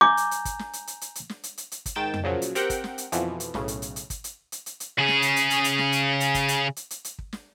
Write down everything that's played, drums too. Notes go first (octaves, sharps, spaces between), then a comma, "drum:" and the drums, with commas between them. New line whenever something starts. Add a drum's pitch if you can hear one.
G#5 A#5 D6 G6
drum: hi-hat
drum: hi-hat
drum: kick, hi-hat
drum: snare
drum: hi-hat
drum: hi-hat
drum: hi-hat
drum: hi-hat
drum: snare
drum: hi-hat
drum: hi-hat
drum: hi-hat
drum: kick, hi-hat
G#2 D#3 G5 A6 E7
drum: tom F2
A#2 C#3 F3 F#3
drum: hi-hat
C4 G4 A#4 F#5 G5, drum: hi-hat
drum: kick, hi-hat
drum: snare
drum: hi-hat
F2 B2 E3 F3, drum: hi-hat
drum: hi-hat
B1 A2 C#3, drum: snare
drum: hi-hat
drum: hi-hat
drum: hi-hat
drum: kick, hi-hat
drum: hi-hat
drum: hi-hat
drum: hi-hat
drum: hi-hat
C#3 G#4
drum: snare
drum: hi-hat
drum: hi-hat
drum: hi-hat
drum: hi-hat
drum: snare
drum: hi-hat
drum: hi-hat
drum: kick, hi-hat
drum: hi-hat
drum: hi-hat
drum: hi-hat
drum: hi-hat
drum: kick
drum: snare